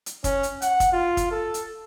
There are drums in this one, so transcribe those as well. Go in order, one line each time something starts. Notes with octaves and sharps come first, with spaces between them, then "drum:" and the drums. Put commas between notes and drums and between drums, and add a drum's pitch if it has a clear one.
drum: hi-hat
C#4, drum: kick, hi-hat
drum: hi-hat
F#5, drum: hi-hat
drum: kick, hi-hat
F4
drum: kick, hi-hat
A4
drum: hi-hat